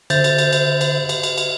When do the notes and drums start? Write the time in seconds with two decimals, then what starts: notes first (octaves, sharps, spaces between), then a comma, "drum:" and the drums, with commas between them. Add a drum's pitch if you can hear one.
0.10 D3 C5 E5 G6 A6, drum: cymbal
0.24 drum: cymbal
0.38 drum: cymbal
0.53 drum: cymbal
0.81 drum: cymbal
1.09 drum: cymbal
1.23 drum: cymbal
1.38 drum: cymbal